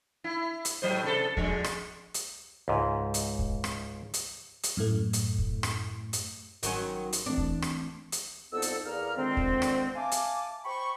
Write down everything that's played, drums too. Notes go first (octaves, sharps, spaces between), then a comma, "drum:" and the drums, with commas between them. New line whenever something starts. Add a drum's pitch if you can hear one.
E4
drum: hi-hat
A2 F#3 C5
C3 A4
D3 F3 G#3, drum: kick
drum: rim click
drum: hi-hat
C#2 G#2
drum: hi-hat
drum: kick
drum: rim click
drum: hi-hat
drum: hi-hat
F#2 A2 A3
drum: hi-hat
drum: kick
drum: rim click
drum: hi-hat
G#1 D#3 F#3 C#4 C6 C#6, drum: hi-hat
drum: hi-hat
E3 A3 C4 D4
drum: kick
drum: rim click
drum: hi-hat
C2 F2 B3 D#4 A4 E6
drum: hi-hat
E2 A#3 G#4 D5 A#5 F6
A#2 D3 D#3 G#3 C4
drum: kick
drum: rim click
E5 F5 G#5 A5 D6
drum: hi-hat
C5 G5 B5 C#6